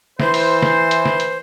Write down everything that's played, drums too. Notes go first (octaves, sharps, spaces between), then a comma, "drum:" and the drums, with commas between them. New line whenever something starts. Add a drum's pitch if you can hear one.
E3 C5, drum: snare
drum: open hi-hat
drum: snare
drum: hi-hat
drum: snare
drum: hi-hat